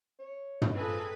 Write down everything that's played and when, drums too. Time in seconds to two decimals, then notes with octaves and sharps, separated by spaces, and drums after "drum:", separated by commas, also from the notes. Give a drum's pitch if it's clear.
0.19 C#5
0.62 drum: tom
0.76 F3 C4 G#4 A4 B4